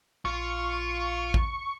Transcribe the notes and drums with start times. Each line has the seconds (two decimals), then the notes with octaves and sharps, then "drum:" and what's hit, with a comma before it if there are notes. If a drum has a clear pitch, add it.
0.25 A#1 F4 C#6
1.34 drum: kick A1